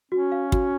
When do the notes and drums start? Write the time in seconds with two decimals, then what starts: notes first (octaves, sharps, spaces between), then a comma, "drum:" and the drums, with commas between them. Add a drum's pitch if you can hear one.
0.12 C#4 F#4
0.32 F5
0.52 F#4, drum: kick